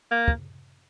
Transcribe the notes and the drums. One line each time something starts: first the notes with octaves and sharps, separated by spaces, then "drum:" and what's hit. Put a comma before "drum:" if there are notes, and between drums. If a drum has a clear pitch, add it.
A#3
drum: kick